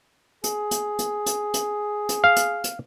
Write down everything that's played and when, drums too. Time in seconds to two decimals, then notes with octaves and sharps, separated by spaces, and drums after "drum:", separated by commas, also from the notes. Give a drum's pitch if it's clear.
0.44 G#4, drum: hi-hat
0.71 drum: hi-hat
0.99 drum: hi-hat
1.26 drum: hi-hat
1.54 drum: hi-hat
2.09 drum: hi-hat
2.24 F5
2.36 drum: hi-hat
2.64 drum: hi-hat